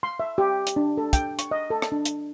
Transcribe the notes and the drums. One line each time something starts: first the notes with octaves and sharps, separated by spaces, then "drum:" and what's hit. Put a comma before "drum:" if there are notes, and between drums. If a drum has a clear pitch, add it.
C6
E5
G4
drum: hi-hat
D4
A4
G5, drum: kick, hi-hat
C#6, drum: hi-hat
D#5
A4
drum: rim click
D4
drum: hi-hat